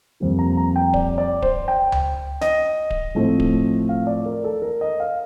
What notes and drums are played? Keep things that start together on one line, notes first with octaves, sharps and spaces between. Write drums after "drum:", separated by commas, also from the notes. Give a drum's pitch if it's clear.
F2 C3 G3 A#3
A#5
A#5
G5
D5, drum: kick D1
D5
C5, drum: kick D1
G5
drum: tom C#2
D#5, drum: snare
drum: kick D1
A2 F3 A3 C4
drum: kick D1
F5
D5
A#4
A4
A#4
D#5
F5